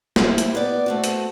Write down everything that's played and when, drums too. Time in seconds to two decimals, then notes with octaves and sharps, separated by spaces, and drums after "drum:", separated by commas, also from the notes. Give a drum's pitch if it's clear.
0.16 A#3 C4 E4 G4, drum: snare
0.38 drum: hi-hat
0.55 B3 D5
0.86 A3 C4 F#4
1.04 drum: hi-hat